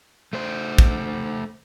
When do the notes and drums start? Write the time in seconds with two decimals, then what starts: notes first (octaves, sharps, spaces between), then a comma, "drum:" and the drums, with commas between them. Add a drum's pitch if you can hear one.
0.33 A3 C5
0.78 drum: kick